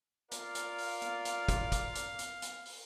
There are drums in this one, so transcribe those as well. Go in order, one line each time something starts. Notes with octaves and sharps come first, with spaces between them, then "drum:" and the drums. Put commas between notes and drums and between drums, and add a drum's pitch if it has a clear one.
F4 A#4 D5 F5, drum: hi-hat
drum: hi-hat
drum: open hi-hat
drum: hi-hat
drum: hi-hat
drum: kick, hi-hat
drum: kick, hi-hat
drum: hi-hat
drum: hi-hat
drum: hi-hat
drum: open hi-hat